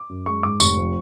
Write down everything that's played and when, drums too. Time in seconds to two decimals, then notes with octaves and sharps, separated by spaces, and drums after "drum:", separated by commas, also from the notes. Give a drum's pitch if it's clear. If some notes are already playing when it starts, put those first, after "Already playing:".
Already playing: D6
0.09 F#2
0.26 G#3 C#6
0.43 G#2 D6
0.60 F1 C#6, drum: tambourine
0.77 F3